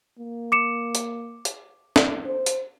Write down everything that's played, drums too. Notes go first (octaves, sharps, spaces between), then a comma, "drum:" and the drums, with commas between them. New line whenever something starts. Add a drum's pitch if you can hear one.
A#3
D6 C#7 E7
drum: hi-hat
drum: hi-hat
drum: snare
C5
drum: hi-hat